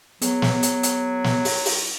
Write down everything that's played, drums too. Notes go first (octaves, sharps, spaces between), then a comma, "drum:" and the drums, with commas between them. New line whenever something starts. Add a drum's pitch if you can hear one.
F#3 B3 G#4, drum: hi-hat
drum: snare
drum: hi-hat
drum: hi-hat
drum: snare
drum: open hi-hat
drum: open hi-hat